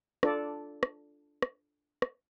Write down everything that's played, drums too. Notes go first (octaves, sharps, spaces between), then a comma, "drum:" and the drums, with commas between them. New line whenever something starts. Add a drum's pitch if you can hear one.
D4 F4 A4 D5, drum: rim click
drum: rim click
drum: rim click
drum: rim click